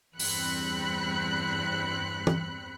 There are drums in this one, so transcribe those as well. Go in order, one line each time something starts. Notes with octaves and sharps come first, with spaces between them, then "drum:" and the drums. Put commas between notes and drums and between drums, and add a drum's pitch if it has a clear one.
E2 G2 C4 B5 F#6 C#7, drum: open hi-hat
drum: tom